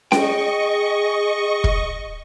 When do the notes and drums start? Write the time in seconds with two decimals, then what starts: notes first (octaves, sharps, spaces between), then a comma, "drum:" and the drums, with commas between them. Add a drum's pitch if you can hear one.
0.12 G#4 D#5 G5 C#6, drum: snare C#4
1.64 drum: kick